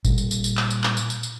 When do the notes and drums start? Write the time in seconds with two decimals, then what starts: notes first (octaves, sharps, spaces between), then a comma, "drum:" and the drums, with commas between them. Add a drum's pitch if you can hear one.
0.05 A#2 G3, drum: kick G1, tambourine
0.18 drum: tambourine
0.31 drum: tambourine
0.44 drum: tambourine
0.57 drum: clap
0.70 drum: tambourine
0.84 drum: clap
0.97 drum: tambourine
1.10 drum: tambourine
1.23 drum: tambourine